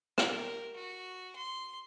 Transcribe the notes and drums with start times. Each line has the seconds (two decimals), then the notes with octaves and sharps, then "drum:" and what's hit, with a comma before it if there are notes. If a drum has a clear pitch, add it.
0.18 G4 A#4, drum: rim click
0.74 F#4
1.36 C6